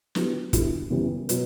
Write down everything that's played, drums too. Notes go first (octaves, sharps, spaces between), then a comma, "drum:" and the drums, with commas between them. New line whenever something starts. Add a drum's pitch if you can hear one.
D3 F#3 B3 E4 G4, drum: snare
D3 G3 B3 E4, drum: kick, hi-hat
F#2 C#3 E3 G3 B3
B2 F#3 B3, drum: hi-hat